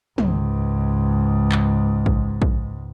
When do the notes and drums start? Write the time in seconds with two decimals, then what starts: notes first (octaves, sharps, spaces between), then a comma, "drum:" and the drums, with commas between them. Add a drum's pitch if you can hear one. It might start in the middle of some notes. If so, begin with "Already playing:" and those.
0.18 C#2 G#2, drum: tom
1.52 drum: clap
2.06 drum: kick A#1
2.42 drum: kick A#1